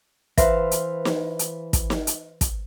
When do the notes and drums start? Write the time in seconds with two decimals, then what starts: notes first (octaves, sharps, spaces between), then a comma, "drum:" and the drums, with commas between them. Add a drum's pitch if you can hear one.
0.38 E3 B4 C5 E5 F5, drum: kick, hi-hat
0.71 drum: hi-hat
1.05 drum: snare
1.39 drum: hi-hat
1.73 drum: kick, hi-hat
1.90 drum: snare
2.07 drum: hi-hat
2.41 drum: kick, hi-hat